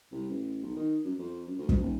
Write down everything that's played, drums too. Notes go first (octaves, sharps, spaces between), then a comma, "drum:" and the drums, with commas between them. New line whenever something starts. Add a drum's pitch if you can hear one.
C2
A1
B1
D#3
F#2
F2
F#2
D2
drum: kick
D#1